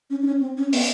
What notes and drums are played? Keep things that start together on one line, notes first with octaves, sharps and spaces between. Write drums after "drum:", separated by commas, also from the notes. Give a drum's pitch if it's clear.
C#4
D4
C#4
C4
C#4
B3, drum: open hi-hat